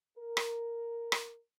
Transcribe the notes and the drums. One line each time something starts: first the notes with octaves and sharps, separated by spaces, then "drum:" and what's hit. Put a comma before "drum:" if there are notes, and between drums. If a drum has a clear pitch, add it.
A#4
drum: rim click
drum: rim click